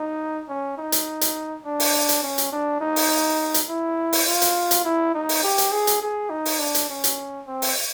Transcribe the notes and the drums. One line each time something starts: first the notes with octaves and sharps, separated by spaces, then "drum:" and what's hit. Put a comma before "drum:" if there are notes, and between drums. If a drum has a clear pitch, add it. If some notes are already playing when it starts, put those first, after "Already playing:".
Already playing: D#4
C#4
D#4
drum: hi-hat
drum: hi-hat
D4
drum: open hi-hat
drum: hi-hat
C#4
drum: hi-hat
D4
D#4
drum: open hi-hat
drum: hi-hat
E4
drum: open hi-hat
F4
drum: hi-hat
drum: hi-hat
E4
D#4
drum: open hi-hat
G4
drum: hi-hat
G#4
drum: hi-hat
G#4
D#4
drum: open hi-hat
D4
drum: hi-hat
C#4
drum: hi-hat
C4
drum: open hi-hat